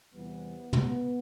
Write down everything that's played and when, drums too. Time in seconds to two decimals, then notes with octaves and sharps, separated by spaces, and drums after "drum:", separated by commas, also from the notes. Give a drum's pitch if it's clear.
0.12 E2 C3 E3 G3 B3
0.73 B3, drum: tom